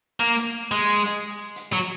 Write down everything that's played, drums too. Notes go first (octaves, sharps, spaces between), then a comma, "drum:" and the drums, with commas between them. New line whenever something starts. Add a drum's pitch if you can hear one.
A#3, drum: hi-hat
drum: hi-hat
G#3
drum: hi-hat
drum: hi-hat
drum: hi-hat
F#3